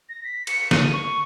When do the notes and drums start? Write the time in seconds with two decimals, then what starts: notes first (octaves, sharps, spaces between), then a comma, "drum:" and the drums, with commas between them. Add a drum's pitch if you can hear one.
0.09 A#6
0.24 B6
0.47 C#7, drum: cymbal
0.71 D#7, drum: snare
0.93 C#6